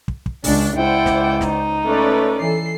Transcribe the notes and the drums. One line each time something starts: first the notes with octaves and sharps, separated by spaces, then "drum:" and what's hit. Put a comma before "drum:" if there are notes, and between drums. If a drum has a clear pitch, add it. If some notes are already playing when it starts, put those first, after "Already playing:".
drum: kick
drum: kick
C#2 D4, drum: open hi-hat
C#2 E4 C5 D5 F#5 G5
drum: snare
D#4, drum: snare
A3 C#4 B4 D5
E3 A4 C7